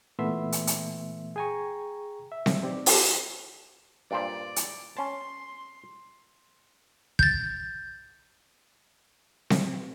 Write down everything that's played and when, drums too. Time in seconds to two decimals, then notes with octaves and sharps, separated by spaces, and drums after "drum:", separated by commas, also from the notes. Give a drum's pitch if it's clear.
0.19 A#2 E3 A3 B3 E5 C6
0.52 drum: hi-hat
0.67 drum: hi-hat
1.36 G#4 G5 G#5 A#5 C#6
2.32 E5
2.46 drum: snare C4
2.63 C4 D#4 G4 D5
2.86 drum: open hi-hat
4.11 G2 A#2 C5 D5
4.56 drum: hi-hat
4.97 C#4 A5 C6
7.19 G6 A6, drum: kick
9.50 drum: snare C4